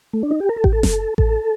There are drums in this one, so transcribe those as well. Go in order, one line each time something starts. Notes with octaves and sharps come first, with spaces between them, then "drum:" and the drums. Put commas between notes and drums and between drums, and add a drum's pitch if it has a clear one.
A3
D4
D#4
G4
A#4
A4
G4, drum: kick A1
A4
drum: snare F#1
A4, drum: kick A1